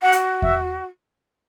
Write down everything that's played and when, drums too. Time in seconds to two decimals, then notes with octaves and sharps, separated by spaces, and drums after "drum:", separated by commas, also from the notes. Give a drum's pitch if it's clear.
0.02 F#4 F#5
0.12 drum: hi-hat
0.42 E5, drum: kick E2